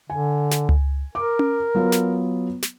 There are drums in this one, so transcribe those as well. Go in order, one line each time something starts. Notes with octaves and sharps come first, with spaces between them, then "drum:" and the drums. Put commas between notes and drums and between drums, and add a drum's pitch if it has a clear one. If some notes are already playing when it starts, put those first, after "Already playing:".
D3 G#5
drum: snare
drum: tom C#2
A#4 D6
drum: tom C#4
F#3 B3 F4
drum: snare
drum: snare